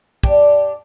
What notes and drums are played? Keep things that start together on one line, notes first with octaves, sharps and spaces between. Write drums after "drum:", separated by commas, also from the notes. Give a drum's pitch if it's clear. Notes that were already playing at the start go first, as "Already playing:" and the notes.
D4 G4, drum: kick